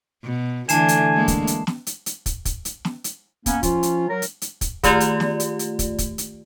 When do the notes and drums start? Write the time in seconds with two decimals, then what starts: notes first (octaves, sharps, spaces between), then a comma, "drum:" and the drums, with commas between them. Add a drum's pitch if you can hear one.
0.24 B2
0.69 D3 E3 A3 D4 G#5 A5 C7 E7, drum: hi-hat
0.88 drum: hi-hat
1.14 G#3 A#3
1.28 drum: kick, hi-hat
1.47 drum: hi-hat
1.67 drum: snare
1.87 drum: hi-hat
2.06 drum: hi-hat
2.26 drum: kick, hi-hat
2.45 drum: kick, hi-hat
2.65 drum: hi-hat
2.85 drum: snare
3.04 drum: hi-hat
3.46 A#3 B3 C#4, drum: kick, hi-hat
3.63 F3 C#4 F4, drum: kick, hi-hat
3.83 drum: hi-hat
4.08 F#3 A#4
4.22 drum: hi-hat
4.42 drum: hi-hat
4.61 drum: kick, hi-hat
4.83 D#3 A3 F4 G4 D5, drum: kick, hi-hat
5.00 drum: hi-hat
5.20 drum: snare
5.40 drum: hi-hat
5.59 drum: hi-hat
5.79 drum: kick, hi-hat
5.98 drum: kick, hi-hat
6.18 drum: hi-hat